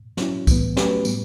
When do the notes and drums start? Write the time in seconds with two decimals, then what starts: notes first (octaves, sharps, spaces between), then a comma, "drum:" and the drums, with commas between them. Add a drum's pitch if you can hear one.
0.17 F#3 C#4 E4, drum: snare
0.47 A2 E3 G3 B3, drum: kick, tambourine
0.77 F#3 A3 C#4 G4 B4, drum: snare
1.05 A2 G3 B3, drum: tambourine